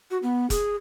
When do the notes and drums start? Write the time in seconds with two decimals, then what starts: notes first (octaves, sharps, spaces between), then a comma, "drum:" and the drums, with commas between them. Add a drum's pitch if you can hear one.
0.11 F#4
0.23 B3
0.50 G#4, drum: kick F1, hi-hat